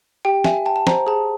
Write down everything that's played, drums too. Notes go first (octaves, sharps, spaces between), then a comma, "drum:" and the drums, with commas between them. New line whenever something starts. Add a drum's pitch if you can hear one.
G4 G5
E5 G#5, drum: snare
G5 A5
A5
C5 A#5, drum: snare
G#4 A5